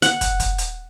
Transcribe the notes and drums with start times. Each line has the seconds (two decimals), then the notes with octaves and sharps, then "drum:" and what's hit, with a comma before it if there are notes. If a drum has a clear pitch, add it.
0.02 F#5, drum: hi-hat
0.21 drum: kick, hi-hat
0.40 drum: kick, hi-hat
0.58 drum: hi-hat